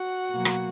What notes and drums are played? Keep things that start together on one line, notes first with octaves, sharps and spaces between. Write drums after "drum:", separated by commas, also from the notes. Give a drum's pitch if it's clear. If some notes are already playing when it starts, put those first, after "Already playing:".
Already playing: F#4 F#5
B2 F#3 A#3
drum: rim click